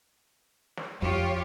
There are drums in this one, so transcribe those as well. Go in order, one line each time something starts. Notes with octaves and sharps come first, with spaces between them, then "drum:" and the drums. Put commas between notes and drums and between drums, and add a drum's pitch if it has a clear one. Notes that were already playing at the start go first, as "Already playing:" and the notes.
drum: snare
F2 F4 G4 C#5, drum: kick